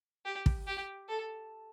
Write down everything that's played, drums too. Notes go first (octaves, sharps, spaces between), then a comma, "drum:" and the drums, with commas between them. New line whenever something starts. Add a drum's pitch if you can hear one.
G4
drum: kick
G4
A4